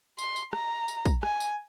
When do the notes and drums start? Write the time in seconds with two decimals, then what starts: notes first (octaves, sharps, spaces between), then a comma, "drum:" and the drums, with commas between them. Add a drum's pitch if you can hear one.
0.18 C6, drum: tambourine
0.36 drum: tambourine
0.53 A#5, drum: rim click
0.88 drum: tambourine
1.05 drum: kick, tambourine
1.23 G#5, drum: rim click
1.40 drum: tambourine